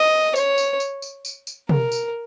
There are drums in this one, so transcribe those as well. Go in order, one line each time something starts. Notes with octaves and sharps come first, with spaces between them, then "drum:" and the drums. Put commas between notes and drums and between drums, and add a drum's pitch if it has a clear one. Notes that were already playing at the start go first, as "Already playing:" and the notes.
Already playing: D#5
C#5, drum: tambourine
drum: tambourine
drum: tambourine
drum: tambourine
drum: tambourine
drum: tambourine
A#4, drum: tom
drum: tambourine